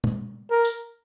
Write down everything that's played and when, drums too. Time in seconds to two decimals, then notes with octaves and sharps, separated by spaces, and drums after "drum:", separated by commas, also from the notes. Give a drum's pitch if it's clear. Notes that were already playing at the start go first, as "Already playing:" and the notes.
0.04 drum: tom
0.51 A#4
0.65 drum: tambourine